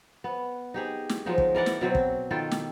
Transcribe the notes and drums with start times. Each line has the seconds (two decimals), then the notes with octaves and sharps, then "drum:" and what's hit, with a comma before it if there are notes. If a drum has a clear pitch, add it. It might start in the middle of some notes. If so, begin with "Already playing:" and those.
0.24 B3
0.74 D#4 G4 G#4
1.09 drum: snare
1.26 F3 F#3 G#3 D#4
1.38 drum: kick
1.55 E3 A#4 D5 F#5
1.66 drum: snare
1.81 B2 F#3 C4
1.95 drum: kick
2.31 D#3 F4 A4 G5
2.51 drum: snare